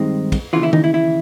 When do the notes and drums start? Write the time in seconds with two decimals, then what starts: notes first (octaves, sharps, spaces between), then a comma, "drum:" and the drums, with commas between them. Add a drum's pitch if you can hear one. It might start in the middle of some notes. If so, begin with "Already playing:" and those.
Already playing: G2 D#3 G#3 C4 D#4
0.32 drum: kick, cymbal
0.53 D#2 C#3 E3 F4
0.63 E4
0.73 D#4, drum: tom D#3
0.84 E4
0.94 E4